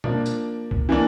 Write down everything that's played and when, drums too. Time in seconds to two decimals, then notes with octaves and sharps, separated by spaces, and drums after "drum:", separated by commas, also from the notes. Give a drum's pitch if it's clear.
0.04 F3 A#3 D4, drum: tom B2
0.26 drum: tambourine
0.71 drum: kick C2
0.89 E3 A#3 D4